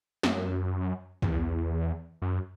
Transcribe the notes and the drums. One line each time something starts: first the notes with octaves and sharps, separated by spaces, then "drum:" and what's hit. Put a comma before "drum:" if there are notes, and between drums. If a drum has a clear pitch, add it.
F#2, drum: snare
E2, drum: tom
F#2